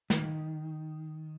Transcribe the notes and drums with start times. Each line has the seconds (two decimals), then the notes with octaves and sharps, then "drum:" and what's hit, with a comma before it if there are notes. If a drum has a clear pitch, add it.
0.10 D#3, drum: snare